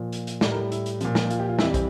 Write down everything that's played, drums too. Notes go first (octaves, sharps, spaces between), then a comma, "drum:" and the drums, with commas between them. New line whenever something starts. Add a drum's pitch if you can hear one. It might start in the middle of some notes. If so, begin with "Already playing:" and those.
Already playing: A#2 F3
drum: hi-hat
drum: hi-hat
A2 G3 D5, drum: snare
A#4
E4, drum: hi-hat
drum: hi-hat
A#2 F3, drum: hi-hat
drum: snare
F4, drum: hi-hat
G4
F4
F2 E3 G3 E4, drum: snare
C4, drum: kick, hi-hat